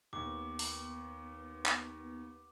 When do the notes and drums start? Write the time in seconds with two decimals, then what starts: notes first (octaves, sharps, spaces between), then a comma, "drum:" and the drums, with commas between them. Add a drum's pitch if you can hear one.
0.13 D#2 B3 D6
0.59 drum: open hi-hat
1.66 drum: clap